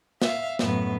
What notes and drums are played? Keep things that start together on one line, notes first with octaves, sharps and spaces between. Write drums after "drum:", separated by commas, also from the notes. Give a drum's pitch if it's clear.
E5 F5, drum: snare
F#2 A2 B3, drum: snare